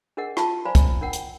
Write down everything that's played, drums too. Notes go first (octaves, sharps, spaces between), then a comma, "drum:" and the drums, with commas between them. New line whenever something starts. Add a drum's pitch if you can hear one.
D4 G#4 A#4 D#5 F#5
F4 A5, drum: rim click
C5 D5 F5 G#5 A#5 B5
drum: kick, hi-hat
D4 A#4 F#5 G5
drum: hi-hat